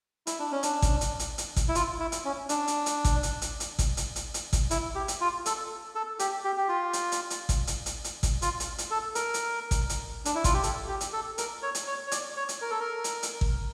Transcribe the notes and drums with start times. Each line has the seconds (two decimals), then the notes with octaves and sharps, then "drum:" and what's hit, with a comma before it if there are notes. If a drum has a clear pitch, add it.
0.27 E4, drum: hi-hat
0.39 D4
0.51 C#4
0.63 D4, drum: hi-hat
0.82 drum: kick G#1, hi-hat
1.01 drum: hi-hat
1.19 drum: hi-hat
1.38 drum: hi-hat
1.56 drum: kick G#1, hi-hat
1.68 E4
1.75 F4, drum: hi-hat
2.00 E4
2.12 drum: hi-hat
2.25 C#4
2.49 D4, drum: hi-hat
2.68 drum: hi-hat
2.86 drum: hi-hat
3.05 drum: kick G#1, hi-hat
3.23 drum: hi-hat
3.42 drum: hi-hat
3.60 drum: hi-hat
3.79 drum: kick G#1, hi-hat
3.97 drum: hi-hat
4.16 drum: hi-hat
4.34 drum: hi-hat
4.53 drum: kick G#1, hi-hat
4.71 E4, drum: hi-hat
4.95 G4
5.08 drum: hi-hat
5.21 F4
5.46 A4, drum: hi-hat
5.95 A4
6.19 G4, drum: hi-hat
6.44 G4
6.57 G4
6.68 F4
6.93 drum: hi-hat
7.12 drum: hi-hat
7.30 drum: hi-hat
7.49 drum: kick G#1, hi-hat
7.67 drum: hi-hat
7.86 drum: hi-hat
8.04 drum: hi-hat
8.23 drum: kick G#1, hi-hat
8.42 F4, drum: hi-hat
8.60 drum: hi-hat
8.78 drum: hi-hat
8.91 A4
9.15 A#4, drum: hi-hat
9.34 drum: hi-hat
9.71 drum: kick G#1, hi-hat
9.89 drum: hi-hat
10.25 D4, drum: hi-hat
10.35 E4
10.44 F4, drum: kick G#1, hi-hat
10.54 G4
10.63 A4, drum: hi-hat
10.88 G4
11.01 drum: hi-hat
11.13 A4
11.38 A#4, drum: hi-hat
11.63 C#5
11.75 drum: hi-hat
11.87 C#5
12.07 C#5
12.11 D5, drum: hi-hat
12.36 C#5
12.49 drum: hi-hat
12.62 A#4
12.71 A4
12.80 A#4
13.04 drum: hi-hat
13.23 drum: hi-hat
13.41 drum: kick G#1